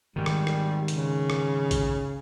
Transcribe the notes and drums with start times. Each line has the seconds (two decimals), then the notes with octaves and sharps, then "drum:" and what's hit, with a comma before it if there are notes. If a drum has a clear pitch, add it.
0.16 G#2 D#3 G3
0.26 drum: rim click
0.47 drum: rim click
0.88 C#3, drum: hi-hat
1.30 drum: rim click
1.71 drum: kick A1, hi-hat